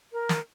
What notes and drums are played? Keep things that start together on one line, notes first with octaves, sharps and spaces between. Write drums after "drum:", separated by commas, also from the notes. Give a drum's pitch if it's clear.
A#4
drum: snare